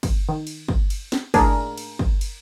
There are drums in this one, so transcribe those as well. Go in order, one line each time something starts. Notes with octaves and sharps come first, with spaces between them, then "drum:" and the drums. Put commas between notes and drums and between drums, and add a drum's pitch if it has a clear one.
drum: kick, cymbal
D#3
drum: cymbal
drum: kick
drum: cymbal
drum: snare
A2 D4 G#4 A#4, drum: kick, cymbal
drum: cymbal
drum: kick
drum: cymbal